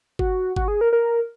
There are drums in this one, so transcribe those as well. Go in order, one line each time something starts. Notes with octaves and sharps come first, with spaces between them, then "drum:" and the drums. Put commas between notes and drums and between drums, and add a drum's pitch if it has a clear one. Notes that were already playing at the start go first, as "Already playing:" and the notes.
F#4, drum: kick G1
F#4, drum: kick G1
G#4
A#4
A#4